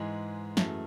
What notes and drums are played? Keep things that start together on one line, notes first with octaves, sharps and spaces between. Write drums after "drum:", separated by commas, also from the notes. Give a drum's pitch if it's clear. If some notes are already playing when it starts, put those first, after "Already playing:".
Already playing: G#2 E3 G#3 G#4
F#2 E3 A3, drum: snare